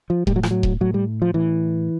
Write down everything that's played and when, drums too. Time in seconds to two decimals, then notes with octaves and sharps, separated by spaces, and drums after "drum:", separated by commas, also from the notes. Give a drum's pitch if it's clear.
0.10 F3
0.27 A2 G3, drum: kick D#1
0.36 F#3
0.43 F3, drum: rim click
0.51 F#3
0.63 drum: kick D#1
0.81 A2 F#3
0.94 G3
1.22 F3
1.34 A2 E3